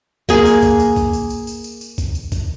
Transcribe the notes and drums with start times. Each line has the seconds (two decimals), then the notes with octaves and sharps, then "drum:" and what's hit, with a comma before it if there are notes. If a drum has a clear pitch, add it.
0.29 A#3 G#4, drum: kick, tambourine
0.46 drum: tambourine
0.63 drum: kick, tambourine
0.79 drum: tambourine
0.96 drum: kick, tambourine
1.13 drum: tambourine
1.30 drum: tambourine
1.47 drum: tambourine
1.64 drum: tambourine
1.81 drum: tambourine
1.98 drum: kick, tambourine
2.15 drum: tambourine
2.32 drum: kick, tambourine